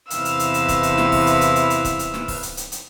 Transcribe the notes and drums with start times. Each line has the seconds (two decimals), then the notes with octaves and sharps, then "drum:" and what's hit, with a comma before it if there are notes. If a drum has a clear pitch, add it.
0.10 E2 C3 E4 B4 F5 E6, drum: hi-hat
0.25 drum: hi-hat
0.39 drum: hi-hat
0.54 drum: hi-hat
0.68 drum: kick, hi-hat
0.83 drum: hi-hat
0.97 drum: snare
1.12 drum: kick, open hi-hat
1.27 drum: hi-hat
1.41 drum: hi-hat
1.56 drum: hi-hat
1.70 drum: hi-hat
1.85 drum: kick, hi-hat
1.99 drum: hi-hat
2.14 drum: snare
2.28 drum: kick, open hi-hat
2.43 drum: hi-hat
2.57 drum: hi-hat
2.72 drum: hi-hat